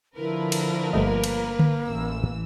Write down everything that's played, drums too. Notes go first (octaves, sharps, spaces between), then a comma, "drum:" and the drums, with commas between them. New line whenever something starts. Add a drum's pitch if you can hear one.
D3 F3 E4 A#4 B4
drum: cymbal
G1 A3 A#3 D#5
drum: cymbal
drum: tom D3
A1 E3 E6